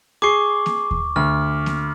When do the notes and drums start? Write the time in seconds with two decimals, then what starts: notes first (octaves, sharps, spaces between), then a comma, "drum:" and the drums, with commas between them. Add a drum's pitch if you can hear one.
0.22 G#4 C#6 D6 C7
0.66 drum: snare A#3
0.91 drum: kick D#2
1.16 D2 F6
1.66 drum: snare A#3